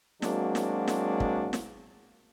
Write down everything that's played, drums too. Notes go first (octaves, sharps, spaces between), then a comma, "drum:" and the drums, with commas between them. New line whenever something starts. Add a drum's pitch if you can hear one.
F#3 G#3 A#3 C4 D4 F#4, drum: snare
drum: snare
drum: snare
drum: kick
drum: snare